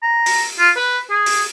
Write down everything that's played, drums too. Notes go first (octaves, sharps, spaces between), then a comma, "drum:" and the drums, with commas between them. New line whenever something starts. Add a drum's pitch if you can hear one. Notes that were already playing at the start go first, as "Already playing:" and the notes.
A#5
drum: open hi-hat
F4
B4
G#4
drum: open hi-hat